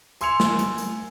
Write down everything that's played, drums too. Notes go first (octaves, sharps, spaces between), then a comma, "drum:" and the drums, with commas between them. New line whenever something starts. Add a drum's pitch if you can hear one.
G#5 C6 E6 G#6 C#7 F7, drum: tambourine
drum: snare
drum: tambourine
drum: tambourine